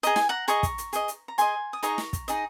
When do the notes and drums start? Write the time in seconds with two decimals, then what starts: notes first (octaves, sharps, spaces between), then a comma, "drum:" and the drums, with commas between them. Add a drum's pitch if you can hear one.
0.03 G#4 D#5 A#5, drum: hi-hat
0.16 G#5, drum: snare
0.29 F#5 A#5
0.48 G#4 D#5 A#5 C#6, drum: hi-hat
0.63 drum: kick, hi-hat
0.78 drum: hi-hat
0.93 G#4 D#5, drum: hi-hat
1.08 drum: hi-hat
1.28 A#5
1.38 G#4 D#5 G#5 C6, drum: hi-hat
1.73 D#6
1.83 D#4 G#4 D#5 A#5 C#6, drum: hi-hat
1.98 drum: snare
2.13 drum: kick, hi-hat
2.28 D#4 G#4 D#5, drum: hi-hat